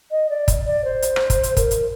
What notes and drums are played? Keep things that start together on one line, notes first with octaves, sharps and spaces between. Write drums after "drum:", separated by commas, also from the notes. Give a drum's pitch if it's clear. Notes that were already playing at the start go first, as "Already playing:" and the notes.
D#5
D5
drum: kick, hi-hat
D5
C5
drum: hi-hat
drum: rim click
drum: kick, hi-hat
drum: hi-hat
A#4, drum: kick, hi-hat
drum: hi-hat